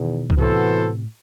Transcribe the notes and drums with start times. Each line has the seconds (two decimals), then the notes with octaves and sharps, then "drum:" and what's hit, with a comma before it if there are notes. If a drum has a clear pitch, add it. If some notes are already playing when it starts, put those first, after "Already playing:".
Already playing: E2 B2 D#3
0.30 D#3, drum: kick C2
0.38 A2 C3 E3 B3 F#4 A4 C5